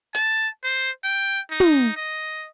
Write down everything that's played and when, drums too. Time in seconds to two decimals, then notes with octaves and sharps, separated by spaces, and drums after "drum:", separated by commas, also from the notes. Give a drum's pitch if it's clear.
0.15 A5, drum: hi-hat
0.64 C5
1.04 G5
1.51 D#4
1.60 drum: tom
1.96 D#5